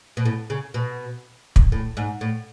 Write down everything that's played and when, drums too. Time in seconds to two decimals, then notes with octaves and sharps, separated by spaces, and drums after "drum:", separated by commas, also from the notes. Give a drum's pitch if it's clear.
0.17 B2
0.25 A2
0.50 C#3
0.74 B2
1.56 drum: kick
1.72 A2
1.97 G#2
2.21 A2